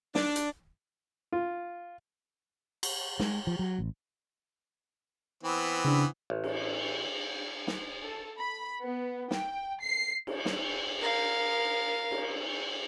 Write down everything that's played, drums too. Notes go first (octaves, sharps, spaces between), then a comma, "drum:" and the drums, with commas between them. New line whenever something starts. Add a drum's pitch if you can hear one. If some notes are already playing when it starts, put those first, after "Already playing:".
D4, drum: snare
drum: hi-hat
F4
drum: cymbal
G#3, drum: snare
F3
F#3
A1
E3 B3 C4
C#3 D4
A1
drum: cymbal
drum: snare
A4
B5
B3
G5, drum: snare
C7
drum: cymbal
drum: snare
A#4 F5
drum: cymbal